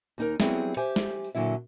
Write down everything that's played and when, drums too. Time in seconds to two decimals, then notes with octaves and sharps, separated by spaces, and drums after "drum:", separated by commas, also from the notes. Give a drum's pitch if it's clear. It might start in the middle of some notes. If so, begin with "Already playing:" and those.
0.18 D#2 D#4 A#4
0.40 F#3 G3 B3 C4 E4 G#4, drum: snare
0.77 G4 C5 E5 G#5
0.96 drum: snare
1.24 drum: tambourine
1.35 A#2 D3 F#3 E4 E5